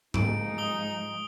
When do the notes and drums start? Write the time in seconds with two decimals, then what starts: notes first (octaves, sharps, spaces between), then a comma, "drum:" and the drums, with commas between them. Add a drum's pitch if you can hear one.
0.14 F3 G#3 D#4 D7, drum: tom G#2
0.58 D#6 G7